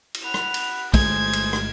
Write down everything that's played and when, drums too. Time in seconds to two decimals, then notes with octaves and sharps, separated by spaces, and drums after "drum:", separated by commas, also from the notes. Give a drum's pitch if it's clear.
0.14 drum: cymbal
0.24 F#5 B5 F7
0.34 drum: rim click
0.54 drum: cymbal
0.94 G1 G#3 A3 G#4 C5 G#6, drum: kick, cymbal
1.33 drum: cymbal
1.53 drum: rim click